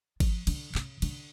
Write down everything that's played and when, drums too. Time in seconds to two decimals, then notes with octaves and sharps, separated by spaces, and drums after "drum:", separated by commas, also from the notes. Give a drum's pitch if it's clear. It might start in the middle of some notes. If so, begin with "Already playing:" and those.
0.20 F3, drum: kick G#1, cymbal
0.47 D3, drum: cymbal
0.75 C#3, drum: clap
1.02 D3, drum: cymbal